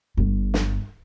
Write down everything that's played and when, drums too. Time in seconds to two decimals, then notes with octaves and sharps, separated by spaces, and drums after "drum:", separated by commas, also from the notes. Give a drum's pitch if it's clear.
0.17 G1 G2
0.54 drum: snare